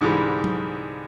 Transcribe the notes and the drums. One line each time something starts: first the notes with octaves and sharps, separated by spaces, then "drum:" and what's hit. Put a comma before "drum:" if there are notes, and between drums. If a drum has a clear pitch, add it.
C2 G#2 D3 E3 G3 G#3
drum: tom F#3